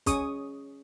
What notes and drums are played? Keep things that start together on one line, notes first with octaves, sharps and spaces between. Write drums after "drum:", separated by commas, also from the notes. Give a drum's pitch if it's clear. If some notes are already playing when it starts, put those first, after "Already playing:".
C#4 G#4 C#6 D#6, drum: kick, hi-hat